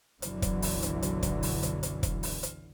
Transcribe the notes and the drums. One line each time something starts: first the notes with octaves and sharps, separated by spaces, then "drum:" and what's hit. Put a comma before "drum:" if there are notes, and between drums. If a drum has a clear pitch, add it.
F#1 B1 D3 E3 F#3, drum: hi-hat
drum: kick, hi-hat
drum: open hi-hat
drum: hi-hat
drum: hi-hat
drum: kick, hi-hat
drum: open hi-hat
drum: hi-hat
drum: hi-hat
drum: kick, hi-hat
drum: open hi-hat
drum: hi-hat